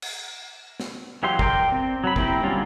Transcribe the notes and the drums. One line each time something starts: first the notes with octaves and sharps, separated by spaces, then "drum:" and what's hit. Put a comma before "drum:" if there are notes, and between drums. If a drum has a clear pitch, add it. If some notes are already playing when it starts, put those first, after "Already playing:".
drum: cymbal
drum: snare
E3 F#3 G4 F5 C6
A#4 D5 G5 C6, drum: kick
C4
F#3 B5
A#3 C4 E4 G4 A#4, drum: kick
D3 F#3 G3 C#4 F4